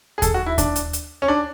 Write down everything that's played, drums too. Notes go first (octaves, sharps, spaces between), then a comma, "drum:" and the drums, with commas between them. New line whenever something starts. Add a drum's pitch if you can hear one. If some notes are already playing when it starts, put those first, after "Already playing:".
G#4
A4, drum: kick D#2, hi-hat
F#4
E4
D4, drum: kick D#2, hi-hat
drum: hi-hat
drum: hi-hat
C#4
D4